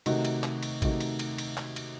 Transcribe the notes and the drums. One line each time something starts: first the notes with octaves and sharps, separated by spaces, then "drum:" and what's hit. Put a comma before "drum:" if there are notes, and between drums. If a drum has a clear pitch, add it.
C3 D#3 A3 D#4 F#4, drum: cymbal
drum: cymbal
drum: clap
drum: cymbal
C3 D#3 A3 D#4 F#4, drum: kick A1, cymbal
drum: cymbal
drum: cymbal
drum: cymbal
drum: clap
drum: cymbal